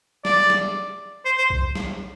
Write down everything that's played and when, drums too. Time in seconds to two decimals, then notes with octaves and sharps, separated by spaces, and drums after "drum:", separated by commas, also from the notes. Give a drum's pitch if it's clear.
0.25 D5, drum: snare
0.50 drum: snare
1.25 C5
1.38 C5
1.50 drum: kick B1
1.75 drum: snare